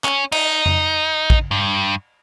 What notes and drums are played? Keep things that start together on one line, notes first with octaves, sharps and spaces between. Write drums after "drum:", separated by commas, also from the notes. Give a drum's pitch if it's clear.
C#4, drum: clap
D#4, drum: cymbal
drum: tom F2
drum: kick
G2